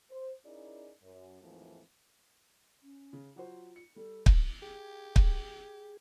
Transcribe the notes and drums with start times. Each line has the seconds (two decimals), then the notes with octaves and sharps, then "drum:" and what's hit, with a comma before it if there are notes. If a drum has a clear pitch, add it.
0.11 C5
0.45 C#4 D#4 E4 G#4 A#4 D5
1.03 F#2
1.42 D#2 G#2 E3 F3 A3 C4
2.83 C#4
3.13 C#3
3.36 F#3 F4 F#4 C5
3.76 C#7
3.96 G3 A4
4.26 drum: kick
4.62 G4 G#4
5.16 drum: kick